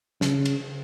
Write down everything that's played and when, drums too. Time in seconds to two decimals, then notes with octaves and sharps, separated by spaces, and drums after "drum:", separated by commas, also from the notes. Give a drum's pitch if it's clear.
0.21 C#3, drum: snare
0.45 drum: cymbal